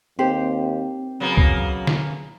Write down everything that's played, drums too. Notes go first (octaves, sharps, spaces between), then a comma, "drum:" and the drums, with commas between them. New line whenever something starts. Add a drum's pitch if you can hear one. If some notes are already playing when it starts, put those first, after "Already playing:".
D#2 C4 G4 C5
C#3 F#3 A#3 B3
drum: kick
drum: snare